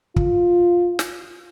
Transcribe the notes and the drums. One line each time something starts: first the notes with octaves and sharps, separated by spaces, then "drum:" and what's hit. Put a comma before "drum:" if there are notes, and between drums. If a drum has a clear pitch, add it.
F4, drum: kick
drum: snare